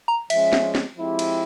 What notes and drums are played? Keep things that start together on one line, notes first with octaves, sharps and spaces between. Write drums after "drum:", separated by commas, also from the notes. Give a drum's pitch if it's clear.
A#5
F3 G#3 C#4 E5, drum: cymbal
drum: snare
drum: snare
F3 G#3 C4 E4 G4
drum: cymbal